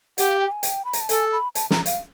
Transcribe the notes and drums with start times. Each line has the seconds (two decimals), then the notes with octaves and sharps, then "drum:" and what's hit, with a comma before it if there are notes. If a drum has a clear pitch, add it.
0.18 G4 F#5, drum: hi-hat
0.29 F5
0.41 G5
0.52 G#5
0.63 G5, drum: hi-hat
0.85 B5
0.93 A#5, drum: hi-hat
1.01 A5
1.09 A4 G#5, drum: hi-hat
1.32 B5
1.55 A5, drum: hi-hat
1.71 A#5, drum: snare
1.86 F5, drum: hi-hat